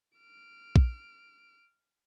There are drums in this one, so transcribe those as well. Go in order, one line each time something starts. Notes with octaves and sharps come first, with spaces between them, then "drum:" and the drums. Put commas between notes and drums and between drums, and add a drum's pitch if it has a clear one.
F6 D7
drum: kick